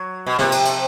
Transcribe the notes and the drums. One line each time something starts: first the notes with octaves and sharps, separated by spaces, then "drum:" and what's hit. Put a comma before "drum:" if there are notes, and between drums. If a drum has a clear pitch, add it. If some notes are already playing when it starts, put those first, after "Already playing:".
Already playing: F#3
B2
C3, drum: snare
drum: cymbal
drum: cymbal